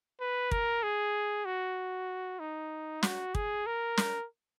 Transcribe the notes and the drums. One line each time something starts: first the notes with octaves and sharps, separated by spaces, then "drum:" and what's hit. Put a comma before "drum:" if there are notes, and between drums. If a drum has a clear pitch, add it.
B4
A#4, drum: kick
G#4
F#4
D#4
F#4, drum: snare
G#4, drum: kick
A#4
drum: snare